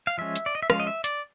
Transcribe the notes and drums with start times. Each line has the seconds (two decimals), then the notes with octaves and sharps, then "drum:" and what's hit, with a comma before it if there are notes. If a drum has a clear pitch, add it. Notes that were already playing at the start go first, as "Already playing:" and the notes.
0.07 F5
0.18 F3 G#3 C#4 E5
0.36 drum: hi-hat
0.46 D5
0.55 D#5
0.63 E5
0.70 F3 G#3 C#4 F5, drum: rim click
0.80 D#5
0.87 E5
1.04 D5, drum: hi-hat